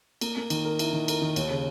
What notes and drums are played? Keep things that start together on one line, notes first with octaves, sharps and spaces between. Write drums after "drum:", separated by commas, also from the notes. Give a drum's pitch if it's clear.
A#3, drum: cymbal
A#3
D#3, drum: cymbal
A#4
E4, drum: cymbal
D#3
A#4, drum: cymbal
D#3
D#2, drum: cymbal
C#3